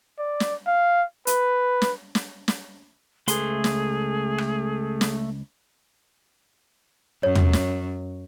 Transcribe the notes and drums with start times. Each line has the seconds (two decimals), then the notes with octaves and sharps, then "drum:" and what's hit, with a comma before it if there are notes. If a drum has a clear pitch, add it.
0.19 D5
0.40 drum: snare
0.67 F5
1.27 B4, drum: hi-hat
1.82 drum: snare
2.15 drum: snare
2.48 drum: snare
3.28 C#2 A3 G#4 B4 C6, drum: hi-hat
3.64 drum: snare
4.38 drum: rim click
5.01 drum: snare
7.23 F#2 C#5
7.35 drum: tom
7.53 drum: snare